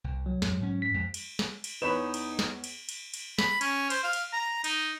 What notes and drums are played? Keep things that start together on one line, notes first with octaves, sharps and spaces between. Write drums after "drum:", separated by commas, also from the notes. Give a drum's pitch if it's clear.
C2
F#3
F2 G#2, drum: snare
G#2 C#4
B6
F2 G#3
drum: cymbal
drum: snare
drum: cymbal
E2 D#4 B4 C#5 B5 E7
drum: cymbal
drum: snare
drum: cymbal
drum: cymbal
drum: cymbal
B5, drum: snare
C#4, drum: cymbal
C5, drum: cymbal
F5
drum: cymbal
A#5
D#4, drum: cymbal